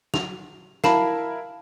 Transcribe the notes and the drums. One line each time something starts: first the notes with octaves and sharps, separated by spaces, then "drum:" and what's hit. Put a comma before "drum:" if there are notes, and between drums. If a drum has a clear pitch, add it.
F7, drum: snare
E4 A#4 F5 A5 B5, drum: snare